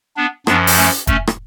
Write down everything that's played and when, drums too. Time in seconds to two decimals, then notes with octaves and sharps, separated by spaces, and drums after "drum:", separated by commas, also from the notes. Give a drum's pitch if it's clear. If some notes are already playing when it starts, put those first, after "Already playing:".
0.17 B3 D4
0.47 F#2 F3 B3 D4, drum: rim click
0.67 drum: open hi-hat
0.77 A3 C#4
1.07 A3 C#4, drum: kick, hi-hat
1.27 drum: rim click